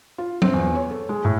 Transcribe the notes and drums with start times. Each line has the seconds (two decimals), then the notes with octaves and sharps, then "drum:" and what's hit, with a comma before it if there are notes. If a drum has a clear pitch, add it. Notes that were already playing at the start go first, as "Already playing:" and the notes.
0.18 F4
0.42 C4, drum: tom F#3
0.53 E2
0.75 C#5
0.91 A4
1.09 G#3
1.25 A2